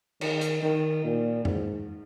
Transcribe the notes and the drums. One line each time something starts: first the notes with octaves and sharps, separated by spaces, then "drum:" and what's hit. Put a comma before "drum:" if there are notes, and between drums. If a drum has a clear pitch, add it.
D#3, drum: cymbal
drum: hi-hat
D#3
A#2
G#2, drum: tom F2